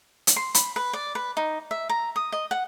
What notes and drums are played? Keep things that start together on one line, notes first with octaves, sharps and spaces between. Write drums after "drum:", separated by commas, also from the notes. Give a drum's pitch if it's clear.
drum: hi-hat
C6
B5, drum: hi-hat
B4
D5
B4
D#4
E5
A#5
D#6
D#5
F#5